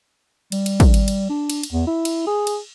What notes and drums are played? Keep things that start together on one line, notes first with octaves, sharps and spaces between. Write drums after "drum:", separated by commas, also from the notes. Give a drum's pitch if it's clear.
G3, drum: cymbal
drum: cymbal
drum: kick, cymbal
drum: cymbal
drum: cymbal
D4
drum: cymbal
drum: cymbal
E2
E4
drum: cymbal
G#4
drum: cymbal